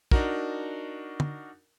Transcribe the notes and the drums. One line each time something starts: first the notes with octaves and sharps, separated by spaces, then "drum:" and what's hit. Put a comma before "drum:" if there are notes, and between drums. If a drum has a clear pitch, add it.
D4 D#4 F#4 A#4, drum: kick
drum: tom